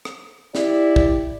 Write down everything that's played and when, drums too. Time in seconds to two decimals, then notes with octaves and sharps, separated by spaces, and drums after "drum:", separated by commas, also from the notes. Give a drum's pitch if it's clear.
0.05 drum: rim click
0.55 E4 G4 D5, drum: snare
0.96 drum: kick